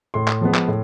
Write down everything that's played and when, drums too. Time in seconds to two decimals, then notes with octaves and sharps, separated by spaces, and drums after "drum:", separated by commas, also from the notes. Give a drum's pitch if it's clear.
0.14 A2 C6
0.28 drum: clap
0.41 F3 G#3 B3
0.55 drum: clap
0.68 A2